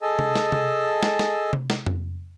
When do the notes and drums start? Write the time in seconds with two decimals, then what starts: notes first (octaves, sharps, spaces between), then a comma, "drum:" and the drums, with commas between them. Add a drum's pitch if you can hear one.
0.02 G#4 A4 D#5 G#5 A5 E6
0.19 drum: tom C3
0.35 drum: snare
0.52 drum: tom C3
1.03 drum: snare
1.19 drum: snare
1.53 drum: tom C3
1.70 drum: snare
1.86 drum: tom F2